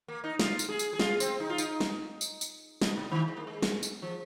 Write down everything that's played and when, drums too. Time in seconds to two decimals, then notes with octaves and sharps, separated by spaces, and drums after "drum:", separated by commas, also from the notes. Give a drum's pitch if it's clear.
0.08 A#3
0.24 D#4
0.39 F4, drum: snare
0.59 drum: tambourine
0.69 G#4
0.79 drum: tambourine
0.93 G#4
0.99 F4, drum: snare
1.20 C4, drum: tambourine
1.40 D#4
1.50 F4
1.58 D#4, drum: tambourine
1.80 drum: snare
2.21 drum: tambourine
2.41 drum: tambourine
2.82 D#4, drum: snare
2.97 C3
3.12 D#3
3.28 G#3
3.36 A#3
3.47 G#3
3.62 drum: snare
3.83 drum: tambourine
4.02 F3